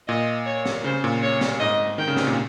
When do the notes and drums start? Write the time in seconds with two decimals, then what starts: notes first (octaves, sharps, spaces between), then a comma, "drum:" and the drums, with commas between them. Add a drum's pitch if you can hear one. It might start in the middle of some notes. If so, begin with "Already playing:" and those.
0.08 A#2 D#5
0.46 C#5
0.65 drum: snare
0.84 C#3 C5
1.04 A#2
1.23 C#5
1.41 drum: snare
1.60 G#2 D#5
1.98 D#3 G5
2.08 C#3
2.17 C3, drum: snare
2.27 A#2